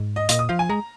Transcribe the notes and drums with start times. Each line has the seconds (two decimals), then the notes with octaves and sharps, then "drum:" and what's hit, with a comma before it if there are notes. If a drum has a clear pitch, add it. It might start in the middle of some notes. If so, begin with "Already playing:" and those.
Already playing: G#2
0.16 D#5
0.29 A#2 D#5, drum: hi-hat
0.39 D#6
0.49 F3 F5
0.59 G#5
0.69 G#3 A#5